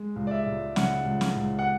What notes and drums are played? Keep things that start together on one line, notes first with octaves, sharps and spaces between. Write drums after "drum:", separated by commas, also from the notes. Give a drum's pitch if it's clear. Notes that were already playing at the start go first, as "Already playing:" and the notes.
Already playing: G#3
C#2
D5
E5
C#2
C#3 F#5, drum: snare
C#2
drum: snare
C#2
F#5